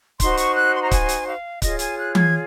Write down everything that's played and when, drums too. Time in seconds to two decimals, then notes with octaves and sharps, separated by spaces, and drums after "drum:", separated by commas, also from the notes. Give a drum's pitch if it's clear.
0.20 D#4 F#4 C5 C6, drum: kick C#1, hi-hat
0.37 C#6, drum: hi-hat
0.55 F#6
0.74 C6
0.82 A#5
0.91 G#5, drum: kick C#1, hi-hat
1.09 drum: hi-hat
1.27 F5
1.62 F4 G#4 C#5 D#5, drum: kick C#1, hi-hat
1.79 G#5, drum: hi-hat
1.97 F#6
2.15 G#6, drum: tom E3